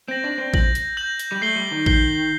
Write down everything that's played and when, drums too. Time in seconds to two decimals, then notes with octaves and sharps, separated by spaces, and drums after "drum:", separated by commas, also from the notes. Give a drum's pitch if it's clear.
0.08 C4 G6 A#6 F#7
0.24 D4
0.38 C4
0.54 G6 A#6 F#7, drum: kick A1
0.75 drum: hi-hat
0.97 G6 A#6 F#7
1.19 drum: hi-hat
1.32 G3
1.41 A3 G6 C7 G7
1.56 G3
1.71 D#3
1.86 G6 C7 G7, drum: kick A1